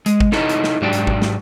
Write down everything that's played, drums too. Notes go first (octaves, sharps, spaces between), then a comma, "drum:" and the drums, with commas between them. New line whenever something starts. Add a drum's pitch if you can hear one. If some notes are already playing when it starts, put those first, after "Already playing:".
G#3, drum: hi-hat
drum: kick G#1
D#4 E4 A4 C#5 D#5, drum: snare
drum: hi-hat
drum: snare
G#2 F#3 D4 F#4 D5 G5
drum: hi-hat
drum: kick G#1
drum: snare